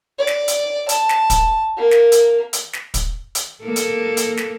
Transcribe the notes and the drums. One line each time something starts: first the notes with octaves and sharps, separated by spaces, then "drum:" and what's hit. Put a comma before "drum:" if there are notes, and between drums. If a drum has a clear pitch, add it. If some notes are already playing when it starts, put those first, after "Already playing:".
D5
drum: snare
drum: hi-hat
A5, drum: hi-hat
drum: snare
drum: kick, hi-hat
A#3
drum: snare
drum: hi-hat
drum: hi-hat
drum: snare
drum: kick, hi-hat
drum: hi-hat
A#3 A4
drum: hi-hat
drum: hi-hat
drum: snare